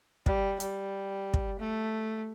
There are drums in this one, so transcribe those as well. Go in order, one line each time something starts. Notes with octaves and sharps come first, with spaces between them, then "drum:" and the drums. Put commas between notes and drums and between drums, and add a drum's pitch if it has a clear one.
G3, drum: kick
G3, drum: hi-hat
drum: kick
A3